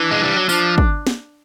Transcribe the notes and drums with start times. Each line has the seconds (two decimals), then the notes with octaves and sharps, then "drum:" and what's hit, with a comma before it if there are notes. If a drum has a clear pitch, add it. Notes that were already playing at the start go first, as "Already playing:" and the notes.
Already playing: E3 D4
0.11 G#3
0.23 G3
0.36 F#3
0.49 F3 D4, drum: tambourine
0.78 drum: kick
1.07 drum: snare